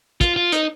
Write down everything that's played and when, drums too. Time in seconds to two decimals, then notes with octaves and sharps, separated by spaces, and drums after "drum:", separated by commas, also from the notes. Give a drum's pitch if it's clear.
0.21 F4, drum: kick, hi-hat
0.36 F4
0.52 D#4, drum: hi-hat